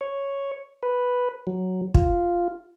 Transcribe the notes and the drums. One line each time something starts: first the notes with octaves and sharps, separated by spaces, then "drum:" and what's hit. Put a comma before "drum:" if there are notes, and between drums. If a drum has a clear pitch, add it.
C#5
B4
F#3
F4, drum: kick